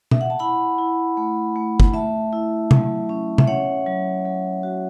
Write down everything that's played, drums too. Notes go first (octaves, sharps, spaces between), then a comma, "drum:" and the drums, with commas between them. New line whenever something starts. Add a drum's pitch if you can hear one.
E5, drum: tom
F#5
A5
E4 F#5 B5
E4
A3
A3
drum: kick
A3 E5 A5
E4
F#3, drum: tom C3
C#4
E5, drum: tom C3
C#4 C#5 F#5
F#3
F#3
F#4